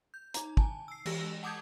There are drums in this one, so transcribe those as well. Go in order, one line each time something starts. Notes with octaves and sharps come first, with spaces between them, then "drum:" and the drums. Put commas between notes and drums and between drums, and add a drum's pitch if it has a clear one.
G6
D#4 A#5, drum: hi-hat
G#5 A5, drum: kick
E6 C7
E3 G#3 G4 E6 A#6, drum: cymbal
F#5 A5 D6 D#6 G6 G#6